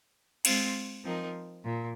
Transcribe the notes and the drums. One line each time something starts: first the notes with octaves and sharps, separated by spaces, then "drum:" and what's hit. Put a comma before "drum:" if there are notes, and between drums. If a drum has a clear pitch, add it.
G#3 C4 F4, drum: cymbal
F3 C4 D#4 A#4
A#2